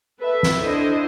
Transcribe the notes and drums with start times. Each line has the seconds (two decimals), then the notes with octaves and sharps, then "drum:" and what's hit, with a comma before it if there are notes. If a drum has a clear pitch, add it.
0.21 A4 B4 E5
0.43 drum: snare
0.59 D3 E4 C5 D#5